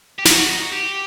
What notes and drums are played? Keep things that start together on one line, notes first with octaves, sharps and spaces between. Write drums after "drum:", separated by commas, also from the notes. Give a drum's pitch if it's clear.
G4
F#4, drum: snare
D#4
F#4
G4